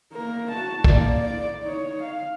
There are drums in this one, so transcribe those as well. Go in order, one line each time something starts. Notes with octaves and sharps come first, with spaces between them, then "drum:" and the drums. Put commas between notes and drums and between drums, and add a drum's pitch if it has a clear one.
A#3 A#4
F#4 A5
A#3 D5, drum: kick
D5
D#4 C#5
F5